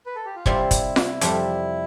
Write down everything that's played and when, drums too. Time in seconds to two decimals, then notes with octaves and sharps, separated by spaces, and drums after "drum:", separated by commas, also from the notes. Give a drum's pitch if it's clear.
0.06 B4
0.16 A4
0.26 G4
0.35 F4
0.46 C3 G3 C4 E4 F4, drum: kick
0.71 drum: kick, hi-hat
0.96 drum: snare F4
1.21 F2 C3 G3, drum: hi-hat